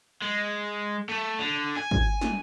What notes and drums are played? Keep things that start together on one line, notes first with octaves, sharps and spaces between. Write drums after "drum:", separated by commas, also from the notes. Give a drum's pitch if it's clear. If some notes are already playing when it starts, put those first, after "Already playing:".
G#3
A3
D3
G#5
drum: kick
drum: snare